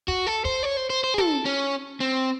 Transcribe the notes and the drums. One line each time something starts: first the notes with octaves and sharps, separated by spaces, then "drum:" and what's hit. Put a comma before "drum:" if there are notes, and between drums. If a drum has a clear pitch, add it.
F#4, drum: kick
A4
C5, drum: kick
C#5
C5
C5
C5
G#4
A4, drum: tom
C#4
C4